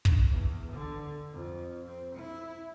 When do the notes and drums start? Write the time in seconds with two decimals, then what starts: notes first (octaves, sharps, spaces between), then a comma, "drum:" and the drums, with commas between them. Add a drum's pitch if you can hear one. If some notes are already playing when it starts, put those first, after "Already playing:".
0.05 drum: kick
0.30 E2
0.72 D3
1.32 F2
1.87 C4
2.16 E4